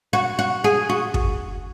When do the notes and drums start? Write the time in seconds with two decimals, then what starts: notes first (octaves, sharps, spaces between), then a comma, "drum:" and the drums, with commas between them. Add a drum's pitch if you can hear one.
0.13 F#4
0.39 F#4
0.64 G#4
0.89 F#4
1.14 drum: kick